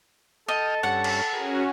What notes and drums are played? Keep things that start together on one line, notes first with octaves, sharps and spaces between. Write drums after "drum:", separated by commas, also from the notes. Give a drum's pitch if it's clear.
A4 D#5 G5 D#6 F6
G2 C#4 F#5
drum: cymbal
C#4 F#4 G#4 A#4